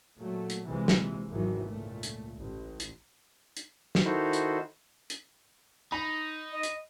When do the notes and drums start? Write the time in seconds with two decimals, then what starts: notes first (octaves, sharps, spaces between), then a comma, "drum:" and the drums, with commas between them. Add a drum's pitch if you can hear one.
0.17 A#2 F#3 A3
0.50 drum: hi-hat
0.65 A#1 C3 E3 F3 G#3
0.88 drum: snare
1.30 G#1 E2 G#2 D#3 E3 F#3
1.65 C#2 A#2 A3
2.03 drum: hi-hat
2.38 A1
2.80 drum: hi-hat
3.57 drum: hi-hat
3.95 drum: snare
4.05 D#3 D#4 E4 F#4 A4 C5
4.33 drum: hi-hat
5.10 drum: hi-hat
5.92 D#4 B5
6.52 D#5
6.63 drum: hi-hat